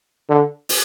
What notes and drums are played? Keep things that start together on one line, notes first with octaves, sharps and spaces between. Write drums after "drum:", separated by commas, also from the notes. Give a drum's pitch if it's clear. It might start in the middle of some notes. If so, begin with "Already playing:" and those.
D3
drum: open hi-hat